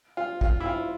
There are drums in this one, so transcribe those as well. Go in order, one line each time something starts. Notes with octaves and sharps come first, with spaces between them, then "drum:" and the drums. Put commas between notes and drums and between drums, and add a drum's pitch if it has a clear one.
F4
F4, drum: kick
E4
F4